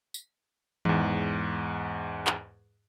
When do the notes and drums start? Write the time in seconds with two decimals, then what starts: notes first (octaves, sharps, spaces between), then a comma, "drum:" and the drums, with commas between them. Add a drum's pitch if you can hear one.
0.14 drum: tambourine
0.85 E2 G#2, drum: tom D#3
2.27 drum: clap